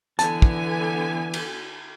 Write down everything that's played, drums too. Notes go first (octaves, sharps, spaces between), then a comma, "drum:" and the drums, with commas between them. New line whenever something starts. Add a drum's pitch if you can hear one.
D3 E3 B3 G#5 A5, drum: hi-hat
drum: kick
drum: cymbal